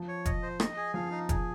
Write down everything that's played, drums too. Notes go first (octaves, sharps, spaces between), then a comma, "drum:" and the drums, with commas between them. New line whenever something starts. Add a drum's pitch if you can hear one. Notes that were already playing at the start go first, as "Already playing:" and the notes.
Already playing: F3
C#5
D#5, drum: kick, hi-hat
C5
D#5, drum: rim click
G#4
F3 F5
D#4
G#4, drum: kick, hi-hat